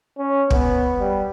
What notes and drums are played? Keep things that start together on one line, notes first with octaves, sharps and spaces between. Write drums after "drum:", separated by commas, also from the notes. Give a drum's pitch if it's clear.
C#4
B3, drum: kick
G3